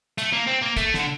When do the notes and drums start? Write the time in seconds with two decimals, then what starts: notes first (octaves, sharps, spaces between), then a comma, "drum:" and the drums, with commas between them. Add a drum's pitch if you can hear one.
0.18 A3, drum: hi-hat
0.33 A#3
0.47 C4
0.62 A#3
0.77 A3, drum: kick, hi-hat
0.94 D3, drum: snare